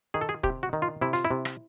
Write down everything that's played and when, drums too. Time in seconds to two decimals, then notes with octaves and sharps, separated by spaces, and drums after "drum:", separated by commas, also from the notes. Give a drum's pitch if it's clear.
0.14 D#3 G#4
0.21 A4
0.29 G#4
0.43 C3 G4, drum: kick E1
0.63 F#4
0.73 D#3
0.82 F4
1.01 C3 E4
1.13 F4, drum: hi-hat
1.25 E4
1.31 C3
1.45 drum: rim click